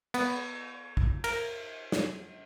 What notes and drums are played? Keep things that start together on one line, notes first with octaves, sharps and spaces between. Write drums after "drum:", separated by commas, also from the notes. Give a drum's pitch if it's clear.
B3, drum: cymbal
drum: kick
A#4, drum: cymbal
drum: snare